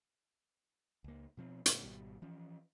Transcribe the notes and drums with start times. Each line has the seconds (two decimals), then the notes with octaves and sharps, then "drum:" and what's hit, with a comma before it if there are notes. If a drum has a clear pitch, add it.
1.04 C#2 A#3
1.37 B2 F3 C4
1.66 A2 C#3, drum: hi-hat
1.83 G#1 B2 G3
2.22 E3 F3 C#4